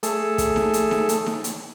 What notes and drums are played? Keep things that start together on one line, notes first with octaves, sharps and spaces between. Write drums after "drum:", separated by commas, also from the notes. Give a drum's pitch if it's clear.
A3 G#4 A4, drum: hi-hat
drum: kick, hi-hat
drum: snare D#4
drum: hi-hat
drum: snare D#4
drum: hi-hat
drum: snare D#4
drum: hi-hat